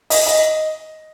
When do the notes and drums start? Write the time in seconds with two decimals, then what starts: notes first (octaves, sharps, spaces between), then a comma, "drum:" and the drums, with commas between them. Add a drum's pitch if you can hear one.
0.10 D#5, drum: open hi-hat
0.27 D#5